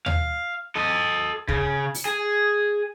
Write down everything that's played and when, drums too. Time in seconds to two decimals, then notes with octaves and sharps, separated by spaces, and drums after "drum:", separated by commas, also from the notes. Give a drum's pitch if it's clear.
0.06 F5, drum: tom D#2
0.75 A4 D#5
1.48 C#3, drum: kick
1.94 drum: open hi-hat
2.05 G#4